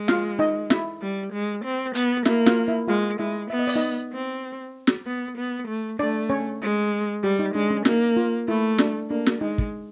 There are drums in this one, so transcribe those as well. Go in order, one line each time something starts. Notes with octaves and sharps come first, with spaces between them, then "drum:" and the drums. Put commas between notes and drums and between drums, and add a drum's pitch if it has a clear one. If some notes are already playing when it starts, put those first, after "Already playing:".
Already playing: G#3
F4 F5, drum: snare
D#4 D#5
E4 E5, drum: snare
G3
G#3
C4
B3, drum: hi-hat
A#3 E4 E5, drum: snare
F4 F5, drum: snare
E4 E5
G#3 F4 F5
G#3 E4 E5
B3 E5
D#5
D5, drum: open hi-hat
D#4 D#5
C4
drum: snare
B3
B3
A3
A3 D4 D5
C#4 C#5
G#3
G3 G4
D#4
G#3 D4
C#4
A#3 D#4, drum: snare
F4
A3 E4
D4, drum: snare
A#3 D4
drum: snare
G#3 D#4
drum: kick